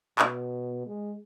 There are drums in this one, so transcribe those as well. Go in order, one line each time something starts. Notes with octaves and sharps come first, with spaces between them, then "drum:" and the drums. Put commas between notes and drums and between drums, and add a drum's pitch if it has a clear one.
B2, drum: clap
G#3